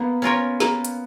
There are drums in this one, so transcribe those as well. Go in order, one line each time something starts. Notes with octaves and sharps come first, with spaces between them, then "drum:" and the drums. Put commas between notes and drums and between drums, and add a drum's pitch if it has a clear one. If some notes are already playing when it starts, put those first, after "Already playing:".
Already playing: A#3 B3
C#4 F4 A#4 C#5
A#3, drum: snare
drum: hi-hat